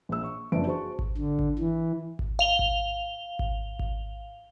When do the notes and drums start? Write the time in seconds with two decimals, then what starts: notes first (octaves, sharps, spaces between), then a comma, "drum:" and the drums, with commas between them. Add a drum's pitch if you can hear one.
0.09 A#1 G#4 E6
0.24 C#6
0.52 F#1 F2 D4 B4 E5 D7
0.67 F#4 G#4 C5 A5 C#6
0.99 drum: kick G#1
1.17 D3
1.39 drum: kick G#1
1.59 E3
2.19 drum: kick G#1
2.39 F5 F7 G7
2.59 drum: kick G#1
3.39 drum: kick G#1
3.79 drum: kick G#1